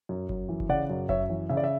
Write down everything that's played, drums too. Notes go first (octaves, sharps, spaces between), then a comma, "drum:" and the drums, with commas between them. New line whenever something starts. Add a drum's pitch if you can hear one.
F#2
F#2, drum: kick F#1
E3
drum: kick F#1
C#3 D5 F#5
F#2
F#2 C#5 E5, drum: kick F#1
E3
C#3 E5
D5
E5